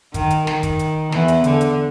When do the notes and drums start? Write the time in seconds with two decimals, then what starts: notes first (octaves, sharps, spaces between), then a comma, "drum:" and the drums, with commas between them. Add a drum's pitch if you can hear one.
0.14 D#3, drum: kick, hi-hat
0.30 drum: hi-hat
0.47 D#3, drum: snare
0.63 drum: kick, hi-hat
0.79 drum: hi-hat
1.12 E2 E3, drum: snare
1.28 drum: hi-hat
1.44 D3, drum: hi-hat
1.61 drum: hi-hat